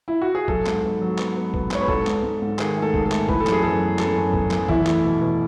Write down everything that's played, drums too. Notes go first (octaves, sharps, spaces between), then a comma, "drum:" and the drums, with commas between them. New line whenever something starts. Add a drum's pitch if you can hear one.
E4
F#4
G#4
F#3 A4, drum: kick B1
G#2, drum: clap
B3
F#3
B3, drum: clap
B3
B3, drum: kick B1
G#2 C#5, drum: clap
B4
G#2 A4, drum: kick B1
G#2, drum: clap
G#2
G#2
D#3 G#4, drum: clap
A3
A4
G#2, drum: kick B1
A4
A3, drum: clap
E3 B4, drum: kick B1
A4
F#2, drum: clap
G#4
F#2 A4
B3
F#2 A4, drum: clap
F#2
B3, drum: kick B1
F#2, drum: clap
E2 E4, drum: kick B1
A3, drum: clap
B2
B2